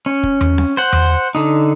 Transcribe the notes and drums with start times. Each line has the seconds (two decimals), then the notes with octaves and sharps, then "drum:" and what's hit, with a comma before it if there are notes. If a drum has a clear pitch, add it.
0.06 C#4
0.23 drum: kick
0.41 drum: tom E2
0.58 drum: snare C4
0.77 C5 F#5
0.93 drum: tom E2
1.35 D3 D#4